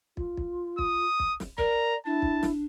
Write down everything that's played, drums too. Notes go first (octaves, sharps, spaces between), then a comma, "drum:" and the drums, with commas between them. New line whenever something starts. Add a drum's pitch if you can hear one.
F4, drum: kick
drum: kick
D#6, drum: kick
drum: kick
drum: snare
A#4 D5 A#5, drum: kick
D4 E4 A5
drum: kick
drum: snare